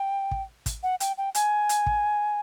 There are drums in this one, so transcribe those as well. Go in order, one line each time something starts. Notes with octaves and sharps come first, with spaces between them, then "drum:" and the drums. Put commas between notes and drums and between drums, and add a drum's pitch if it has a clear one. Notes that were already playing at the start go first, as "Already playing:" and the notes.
Already playing: G5
drum: kick
drum: kick, hi-hat
F#5
G5, drum: hi-hat
G5
G#5, drum: hi-hat
drum: hi-hat
drum: kick